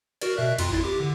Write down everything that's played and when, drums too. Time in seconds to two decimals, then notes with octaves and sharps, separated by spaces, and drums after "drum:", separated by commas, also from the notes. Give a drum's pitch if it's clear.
0.21 F#4 A#4 D5, drum: cymbal
0.37 B2 E5 F#6
0.58 F2 F4 C6, drum: cymbal
0.70 G#1 E4 A6
0.84 G4 D6
1.00 D3